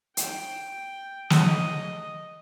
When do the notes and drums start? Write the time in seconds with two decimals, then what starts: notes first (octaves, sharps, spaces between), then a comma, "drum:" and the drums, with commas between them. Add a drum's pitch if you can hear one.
0.17 G5, drum: hi-hat
1.30 D#5, drum: snare